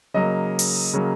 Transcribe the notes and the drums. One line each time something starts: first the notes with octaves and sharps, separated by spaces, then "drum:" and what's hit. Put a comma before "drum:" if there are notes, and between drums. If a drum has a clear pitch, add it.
C#3 F#3 A#3 D#5
drum: open hi-hat
C#3 F#3 A#3